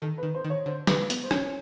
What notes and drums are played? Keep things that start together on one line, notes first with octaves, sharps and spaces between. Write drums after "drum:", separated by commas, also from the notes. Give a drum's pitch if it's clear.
D#3 A4
B4
D#3
C5
D#3
C#5
D3 C5
D3 B4, drum: snare
B3, drum: hi-hat
C5
C#4 C#5, drum: rim click